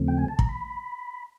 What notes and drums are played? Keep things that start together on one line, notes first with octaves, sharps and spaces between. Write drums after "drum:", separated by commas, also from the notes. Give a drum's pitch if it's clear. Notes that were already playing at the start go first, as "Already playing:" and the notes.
Already playing: D#2 C#3 F3 A3 C4
G5
G#5
A5
A#5, drum: kick
B5